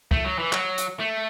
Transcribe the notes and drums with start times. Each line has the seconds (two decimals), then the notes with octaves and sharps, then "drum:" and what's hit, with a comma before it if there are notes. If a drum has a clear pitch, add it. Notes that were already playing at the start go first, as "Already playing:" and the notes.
0.11 A3, drum: kick
0.25 F#3
0.39 E3
0.53 F#3, drum: clap
0.78 drum: hi-hat
1.00 A3